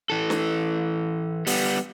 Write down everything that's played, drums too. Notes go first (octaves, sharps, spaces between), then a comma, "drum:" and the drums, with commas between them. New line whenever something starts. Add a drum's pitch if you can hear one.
E3 A4
drum: snare
G3 B3, drum: open hi-hat